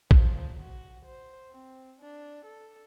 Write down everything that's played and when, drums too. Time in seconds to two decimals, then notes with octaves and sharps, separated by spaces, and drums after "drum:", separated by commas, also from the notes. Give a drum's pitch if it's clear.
0.11 F3, drum: kick A#1
0.59 F#4
1.05 C5
1.51 C4
1.99 D4
2.45 A4